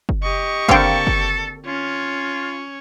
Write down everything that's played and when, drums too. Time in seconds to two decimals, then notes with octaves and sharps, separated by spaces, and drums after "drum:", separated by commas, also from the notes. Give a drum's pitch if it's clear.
0.09 drum: kick F#1
0.23 G4 D#5 C#6
0.69 D3 A#3 C4 A4 F5 G5, drum: kick F#1
1.07 drum: kick F#1
1.66 C#4 F4 C#5